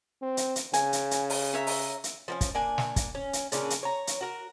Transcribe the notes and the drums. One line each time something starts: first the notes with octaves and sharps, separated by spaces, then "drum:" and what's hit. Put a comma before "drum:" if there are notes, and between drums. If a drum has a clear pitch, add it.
C4
drum: hi-hat
drum: hi-hat
C#3 G#5, drum: hi-hat
drum: hi-hat
drum: hi-hat
drum: open hi-hat
C#5 E5 A#5
drum: open hi-hat
drum: hi-hat
F3 A#3 C#4
drum: kick, hi-hat
A#3 D4 G#5
drum: snare
drum: kick, hi-hat
C#4
drum: hi-hat
A#2 C#3 C#4 D4, drum: hi-hat
drum: hi-hat
C#5 A#5
drum: hi-hat
F#4 A#4